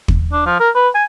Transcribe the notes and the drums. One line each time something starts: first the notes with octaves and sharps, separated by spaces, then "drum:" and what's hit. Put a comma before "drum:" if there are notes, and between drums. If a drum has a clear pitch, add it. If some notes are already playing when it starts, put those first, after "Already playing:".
drum: kick
D4
F3
A#4
B4
G#5